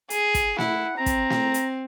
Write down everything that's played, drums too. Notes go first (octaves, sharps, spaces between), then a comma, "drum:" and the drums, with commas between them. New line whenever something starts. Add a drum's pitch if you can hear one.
G#4, drum: hi-hat
drum: kick, hi-hat
E4 F#5, drum: snare
C4 A#5
drum: kick, hi-hat
drum: snare
drum: hi-hat